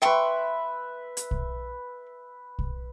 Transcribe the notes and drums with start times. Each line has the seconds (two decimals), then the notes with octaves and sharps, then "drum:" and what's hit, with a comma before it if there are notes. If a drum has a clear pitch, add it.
0.02 B4 E5 G5 C6 C#6
1.17 drum: hi-hat
1.31 drum: kick
2.59 drum: kick